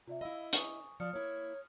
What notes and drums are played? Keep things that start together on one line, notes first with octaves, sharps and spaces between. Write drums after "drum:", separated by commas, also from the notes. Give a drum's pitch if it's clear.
C3 F4 D5 E5
E4 D#5 F5 B5 E6
G#5 C#6 D#6, drum: hi-hat
F3 D5 D#6 F6 C#7
A#3 E4 C#5